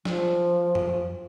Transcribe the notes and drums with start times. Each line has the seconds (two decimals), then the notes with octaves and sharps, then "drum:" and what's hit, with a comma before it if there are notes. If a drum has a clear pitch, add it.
0.05 F3, drum: snare
0.75 drum: tom F2